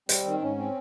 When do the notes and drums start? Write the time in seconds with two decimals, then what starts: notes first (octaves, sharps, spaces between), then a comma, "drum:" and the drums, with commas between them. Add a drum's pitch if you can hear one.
0.09 G3 C4, drum: hi-hat
0.26 D#3
0.42 G#2 C#4
0.58 C4